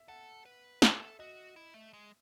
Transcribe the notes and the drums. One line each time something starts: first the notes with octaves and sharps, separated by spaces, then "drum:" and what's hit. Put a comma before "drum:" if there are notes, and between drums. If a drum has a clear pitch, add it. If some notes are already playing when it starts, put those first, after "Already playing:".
Already playing: E5
A4 F#5
B4
A4 E5, drum: snare
F#4 D#5
E4
A3
G#3